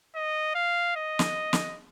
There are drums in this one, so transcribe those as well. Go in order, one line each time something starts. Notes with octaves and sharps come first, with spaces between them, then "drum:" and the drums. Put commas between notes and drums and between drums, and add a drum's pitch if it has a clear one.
D#5
F5
D#5
drum: snare
drum: snare